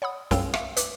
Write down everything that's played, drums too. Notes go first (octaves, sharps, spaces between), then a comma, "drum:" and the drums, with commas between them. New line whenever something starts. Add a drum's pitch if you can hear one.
C#5 F#5 B5 D#6
B1 F#2 C#5 F5 G5 E6, drum: snare
E5 F5, drum: rim click
B4 D6, drum: hi-hat